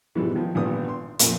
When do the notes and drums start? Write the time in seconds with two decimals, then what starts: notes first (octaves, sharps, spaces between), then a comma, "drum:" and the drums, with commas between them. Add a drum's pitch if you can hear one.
0.15 G#2 B2 E3 G3
0.35 D#3 F3
0.55 G#1 G2 A#2 D3 B3 D#6
0.89 C6
1.19 F2 A#2, drum: hi-hat